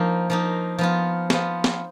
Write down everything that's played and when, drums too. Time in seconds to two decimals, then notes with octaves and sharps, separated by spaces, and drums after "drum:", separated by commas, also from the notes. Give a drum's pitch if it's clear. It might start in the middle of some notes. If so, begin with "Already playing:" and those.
Already playing: F3 A#3 D#4
0.30 F3 A#3 D#4
0.78 F3 B3 F4
1.30 F3 B3 F4, drum: snare
1.64 drum: snare